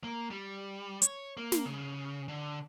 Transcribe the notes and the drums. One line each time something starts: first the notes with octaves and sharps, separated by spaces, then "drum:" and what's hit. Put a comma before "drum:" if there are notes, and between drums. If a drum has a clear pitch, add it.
A#3
G3
C#5, drum: hi-hat
A#3
drum: snare
C#3
D3